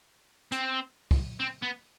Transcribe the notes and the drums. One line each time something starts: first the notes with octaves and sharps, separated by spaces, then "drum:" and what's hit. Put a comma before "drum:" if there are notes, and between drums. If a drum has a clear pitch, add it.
C4, drum: hi-hat
drum: kick, open hi-hat
C4
B3